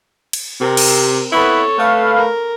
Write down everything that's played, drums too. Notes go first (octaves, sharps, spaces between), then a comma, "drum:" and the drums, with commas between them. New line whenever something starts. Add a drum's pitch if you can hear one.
drum: cymbal
C3 C4 A#4
drum: cymbal
B3 E4 A4 B4 C#5
A3 B4 F5
A#4